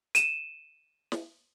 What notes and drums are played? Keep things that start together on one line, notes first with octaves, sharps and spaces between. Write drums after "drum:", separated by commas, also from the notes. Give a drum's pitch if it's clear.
D#7 E7, drum: hi-hat
drum: snare